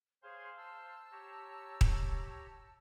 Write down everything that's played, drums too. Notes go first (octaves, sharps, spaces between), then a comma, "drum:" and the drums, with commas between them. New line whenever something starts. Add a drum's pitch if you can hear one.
G#4 C5 C#5 F5 G#5 C6
A5 E6
G4 C#5 A#5
drum: kick D#1